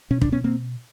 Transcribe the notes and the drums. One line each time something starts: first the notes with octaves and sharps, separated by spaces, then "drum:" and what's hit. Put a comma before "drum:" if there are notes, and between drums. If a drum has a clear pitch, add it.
B2 C#4
D4, drum: kick
B3 C#4
A#3 C4